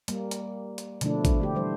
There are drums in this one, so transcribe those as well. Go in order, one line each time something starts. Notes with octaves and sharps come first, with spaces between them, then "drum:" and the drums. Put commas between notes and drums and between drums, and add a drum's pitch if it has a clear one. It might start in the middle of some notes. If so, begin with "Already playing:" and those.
G3 A#3, drum: hi-hat
drum: hi-hat
drum: hi-hat
B2 D3 F3 A3 D4 E4, drum: hi-hat
drum: kick, hi-hat
D3 A3 G4
E3 G3 C5